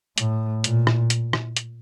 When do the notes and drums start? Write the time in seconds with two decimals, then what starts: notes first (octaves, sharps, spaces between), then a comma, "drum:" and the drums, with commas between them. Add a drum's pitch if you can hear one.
0.18 A2, drum: hi-hat
0.64 A#2, drum: hi-hat
0.87 drum: rim click
1.10 drum: hi-hat
1.33 drum: rim click
1.57 drum: hi-hat